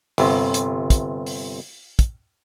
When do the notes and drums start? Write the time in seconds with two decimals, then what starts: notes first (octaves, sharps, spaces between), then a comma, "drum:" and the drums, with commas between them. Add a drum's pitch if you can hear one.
0.18 G1 C3, drum: open hi-hat
0.54 drum: hi-hat
0.90 drum: kick, hi-hat
1.26 drum: open hi-hat
1.99 drum: kick, hi-hat